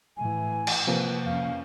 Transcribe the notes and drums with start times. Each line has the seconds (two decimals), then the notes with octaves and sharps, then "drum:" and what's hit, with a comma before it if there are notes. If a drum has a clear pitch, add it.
0.17 A2 E3 G#5
0.67 drum: cymbal
0.87 C3 F3 A#3 B4
1.25 F2 C#4 F5